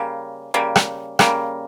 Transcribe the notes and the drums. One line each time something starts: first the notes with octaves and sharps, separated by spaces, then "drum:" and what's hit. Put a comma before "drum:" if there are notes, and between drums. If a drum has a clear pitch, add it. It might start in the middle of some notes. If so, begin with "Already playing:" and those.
Already playing: C#3 G3 A#3
C#3 G3 A#3
drum: rim click
C#3 G3 A#3, drum: rim click